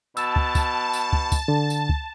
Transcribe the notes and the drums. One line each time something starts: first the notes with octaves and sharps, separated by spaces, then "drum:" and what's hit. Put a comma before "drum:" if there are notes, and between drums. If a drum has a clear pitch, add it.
B2 A5 E6, drum: tambourine
drum: kick
drum: kick, tambourine
drum: tambourine
drum: kick
drum: kick, tambourine
D3
drum: tambourine
drum: kick